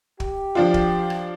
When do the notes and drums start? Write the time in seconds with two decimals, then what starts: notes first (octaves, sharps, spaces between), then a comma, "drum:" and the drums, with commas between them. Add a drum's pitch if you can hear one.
0.20 G4, drum: kick
0.55 F3 D4 F4
0.74 drum: kick
1.10 drum: rim click